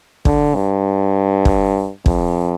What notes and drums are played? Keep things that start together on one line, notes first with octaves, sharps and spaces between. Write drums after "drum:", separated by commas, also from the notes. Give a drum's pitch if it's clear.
D3, drum: kick
G2
drum: kick
F2, drum: kick